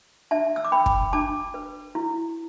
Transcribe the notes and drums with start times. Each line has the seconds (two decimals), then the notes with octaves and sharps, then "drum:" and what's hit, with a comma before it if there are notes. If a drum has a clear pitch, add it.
0.31 D4 E5 A5
0.56 E6
0.64 D6
0.72 B4 G5 B5
0.86 drum: kick
1.13 D4 A5 D6
1.54 B4
1.95 E4